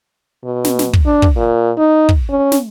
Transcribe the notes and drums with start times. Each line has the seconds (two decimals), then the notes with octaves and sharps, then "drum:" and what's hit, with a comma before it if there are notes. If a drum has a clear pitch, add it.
0.44 B2
0.65 drum: snare
0.79 drum: snare
0.93 drum: kick
1.06 D4
1.22 drum: kick
1.37 A#2
1.78 D#4
2.09 drum: kick
2.30 C#4
2.52 drum: snare